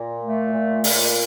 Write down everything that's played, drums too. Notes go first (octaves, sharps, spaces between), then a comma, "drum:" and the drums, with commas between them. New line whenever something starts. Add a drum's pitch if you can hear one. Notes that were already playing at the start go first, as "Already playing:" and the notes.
Already playing: A#2
A3
A#2
A#2, drum: open hi-hat